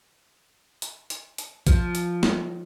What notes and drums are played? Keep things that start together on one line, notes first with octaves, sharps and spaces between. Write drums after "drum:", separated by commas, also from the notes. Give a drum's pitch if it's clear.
drum: hi-hat
drum: hi-hat
drum: hi-hat
F3, drum: kick A#1, hi-hat
drum: hi-hat
drum: snare